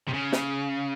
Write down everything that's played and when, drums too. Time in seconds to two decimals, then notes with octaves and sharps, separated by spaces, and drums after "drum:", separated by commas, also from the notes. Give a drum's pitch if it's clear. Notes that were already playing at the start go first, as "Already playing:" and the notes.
0.08 C3
0.13 C#3
0.32 drum: snare